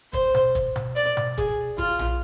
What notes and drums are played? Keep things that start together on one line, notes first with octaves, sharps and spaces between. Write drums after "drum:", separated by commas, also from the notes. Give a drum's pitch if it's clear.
C5, drum: kick, hi-hat
drum: tom B2
drum: kick, hi-hat
drum: tom B2
D5, drum: hi-hat
drum: tom B2
G#4, drum: kick, hi-hat
F4, drum: kick, hi-hat
drum: tom A#1